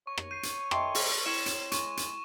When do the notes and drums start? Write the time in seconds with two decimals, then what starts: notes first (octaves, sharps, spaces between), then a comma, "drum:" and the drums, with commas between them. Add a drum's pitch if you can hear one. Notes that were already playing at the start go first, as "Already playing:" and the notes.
0.07 C#5 C#6
0.18 drum: rim click
0.31 G6 C7 D#7
0.43 drum: hi-hat
0.71 A4 D#5 E5 G5 C6 D6, drum: rim click
0.95 drum: open hi-hat
1.26 C4 E4 C#5 E7
1.46 drum: hi-hat
1.72 G#3 C#6, drum: hi-hat
1.97 drum: hi-hat